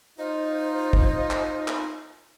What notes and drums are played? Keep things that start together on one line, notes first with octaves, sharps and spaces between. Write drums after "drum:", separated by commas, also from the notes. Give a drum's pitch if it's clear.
D#4 F4 C5
drum: kick
drum: clap
drum: clap